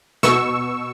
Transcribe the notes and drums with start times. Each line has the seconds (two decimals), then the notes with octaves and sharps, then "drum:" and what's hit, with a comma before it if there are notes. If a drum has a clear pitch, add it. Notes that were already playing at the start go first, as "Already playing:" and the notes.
0.23 B2 C#6 E6, drum: snare